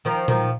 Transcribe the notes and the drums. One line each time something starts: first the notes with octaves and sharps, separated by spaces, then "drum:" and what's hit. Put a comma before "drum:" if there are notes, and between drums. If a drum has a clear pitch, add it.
D#3 F3
D#3 F3, drum: tom A#2